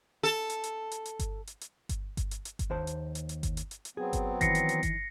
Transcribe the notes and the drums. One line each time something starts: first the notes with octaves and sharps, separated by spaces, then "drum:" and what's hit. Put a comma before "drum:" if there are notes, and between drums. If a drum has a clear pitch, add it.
A4
drum: hi-hat
drum: hi-hat
drum: hi-hat
drum: hi-hat
drum: kick G1, hi-hat
drum: hi-hat
drum: hi-hat
drum: kick G1, hi-hat
drum: kick G1, hi-hat
drum: hi-hat
drum: hi-hat
drum: kick G1, hi-hat
D#2 C5 A5
drum: hi-hat
drum: hi-hat
drum: hi-hat
drum: kick G1, hi-hat
drum: hi-hat
drum: hi-hat
drum: hi-hat
F#3 B3 C4 G#4
drum: kick G1, hi-hat
D#3 E3 A#6 C7 C#7, drum: kick G1, hi-hat
drum: hi-hat
drum: hi-hat
drum: kick G1, hi-hat